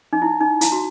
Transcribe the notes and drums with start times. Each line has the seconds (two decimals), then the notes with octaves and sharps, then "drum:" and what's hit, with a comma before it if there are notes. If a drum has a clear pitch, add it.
0.13 D#4
0.22 E4
0.41 D#4
0.61 E4, drum: hi-hat
0.72 F#4